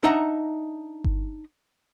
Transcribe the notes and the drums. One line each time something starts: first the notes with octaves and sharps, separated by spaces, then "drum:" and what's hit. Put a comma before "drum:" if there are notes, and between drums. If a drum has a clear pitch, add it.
D4 D#4 D#5 E5 F#5 A#5
drum: kick G1